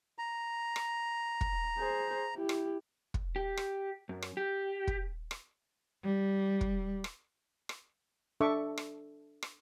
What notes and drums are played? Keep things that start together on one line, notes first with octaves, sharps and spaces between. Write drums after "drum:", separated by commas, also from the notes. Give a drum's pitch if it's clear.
A#5
drum: rim click
drum: kick
G#4 C5
E4 G4
drum: rim click
drum: kick
G4
drum: rim click
F#2
drum: rim click
G4
drum: kick
drum: rim click
G3
drum: kick
drum: rim click
drum: rim click
D4 A4 E5 C#6 D6
drum: rim click
drum: rim click